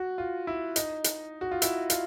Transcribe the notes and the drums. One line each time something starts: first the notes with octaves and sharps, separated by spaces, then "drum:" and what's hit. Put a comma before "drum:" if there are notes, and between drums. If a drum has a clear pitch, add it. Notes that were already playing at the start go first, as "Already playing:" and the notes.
Already playing: F#4
F4
E4
D#4, drum: hi-hat
drum: hi-hat
F#4
F4
E4, drum: hi-hat
F4, drum: hi-hat